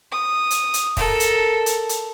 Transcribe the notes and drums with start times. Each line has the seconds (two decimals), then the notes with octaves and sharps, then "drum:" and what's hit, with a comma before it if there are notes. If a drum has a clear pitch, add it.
0.12 D#6
0.51 drum: hi-hat
0.74 drum: hi-hat
0.97 A4 A#4, drum: kick, open hi-hat
1.20 drum: hi-hat
1.66 drum: hi-hat
1.89 drum: hi-hat